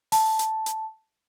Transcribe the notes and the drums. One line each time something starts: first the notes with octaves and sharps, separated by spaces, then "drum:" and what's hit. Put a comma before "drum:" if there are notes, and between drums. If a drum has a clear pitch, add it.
A5, drum: open hi-hat
drum: hi-hat
drum: hi-hat